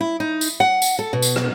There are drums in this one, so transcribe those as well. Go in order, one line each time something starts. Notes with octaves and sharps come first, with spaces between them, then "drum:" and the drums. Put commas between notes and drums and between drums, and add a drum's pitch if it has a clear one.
E4
D#4
drum: tambourine
F#5
drum: tambourine
A4
B2
drum: tambourine
drum: rim click